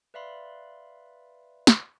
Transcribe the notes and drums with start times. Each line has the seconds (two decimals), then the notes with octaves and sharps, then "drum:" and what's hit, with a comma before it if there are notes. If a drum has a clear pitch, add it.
0.14 B4 D5 E5 F5 B5 C6
1.67 drum: snare